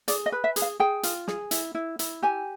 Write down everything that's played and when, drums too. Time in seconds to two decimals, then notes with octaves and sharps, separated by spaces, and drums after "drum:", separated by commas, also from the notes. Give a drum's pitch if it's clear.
0.08 G#4 D5, drum: hi-hat
0.26 D#5
0.32 B4
0.44 E5
0.56 G#4, drum: hi-hat
0.62 F5
0.80 G#4 G5
1.03 F4, drum: hi-hat
1.28 G#4, drum: snare
1.51 E4, drum: hi-hat
1.75 E4
1.99 E4, drum: hi-hat
2.23 G4 G#5